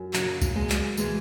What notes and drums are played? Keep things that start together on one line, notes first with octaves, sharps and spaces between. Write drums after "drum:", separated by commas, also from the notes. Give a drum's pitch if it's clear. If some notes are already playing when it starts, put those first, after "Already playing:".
Already playing: F#2
C#3 F#3, drum: clap
drum: kick C2, tambourine
F#2 G#3
drum: clap
E3 G#3, drum: tambourine